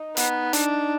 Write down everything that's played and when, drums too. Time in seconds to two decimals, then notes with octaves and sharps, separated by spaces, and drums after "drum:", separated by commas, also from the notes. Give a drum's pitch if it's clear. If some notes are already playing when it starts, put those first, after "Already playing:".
Already playing: D#4
0.17 B3, drum: hi-hat
0.53 D4, drum: hi-hat